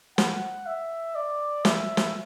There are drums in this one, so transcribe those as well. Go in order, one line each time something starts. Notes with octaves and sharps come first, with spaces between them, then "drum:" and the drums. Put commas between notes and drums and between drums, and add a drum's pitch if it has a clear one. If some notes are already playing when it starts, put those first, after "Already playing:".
F#5, drum: snare
E5
D5
E5, drum: snare
drum: snare